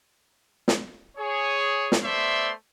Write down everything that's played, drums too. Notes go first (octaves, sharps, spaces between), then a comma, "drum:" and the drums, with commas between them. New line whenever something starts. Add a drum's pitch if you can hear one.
drum: snare
G#4 C#5
drum: snare
A3 B3 C5 D5 E5 C6